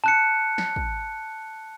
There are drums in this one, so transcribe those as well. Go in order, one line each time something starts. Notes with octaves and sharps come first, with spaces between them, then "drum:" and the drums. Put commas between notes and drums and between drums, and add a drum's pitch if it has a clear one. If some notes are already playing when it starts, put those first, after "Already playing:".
A5 F#6 C#7
drum: snare
drum: kick